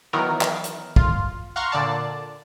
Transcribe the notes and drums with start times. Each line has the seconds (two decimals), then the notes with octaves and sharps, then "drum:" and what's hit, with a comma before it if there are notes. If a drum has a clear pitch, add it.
0.13 D#3 E3 F#3 B3 A#4
0.41 drum: clap
0.64 drum: hi-hat
0.96 F4, drum: kick
1.56 F5 F#5 A#5 C6 C#6
1.72 A#2 D3 D5 A5